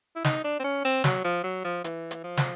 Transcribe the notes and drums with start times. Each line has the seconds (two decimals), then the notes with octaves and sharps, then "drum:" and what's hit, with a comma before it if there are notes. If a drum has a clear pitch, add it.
0.16 E4
0.24 D#4, drum: snare
0.44 D4
0.60 C4
0.64 C#4
0.85 C4
1.04 F#3, drum: snare
1.24 F3
1.44 F#3
1.64 F3
1.84 E3, drum: hi-hat
2.11 drum: hi-hat
2.24 F3
2.37 drum: snare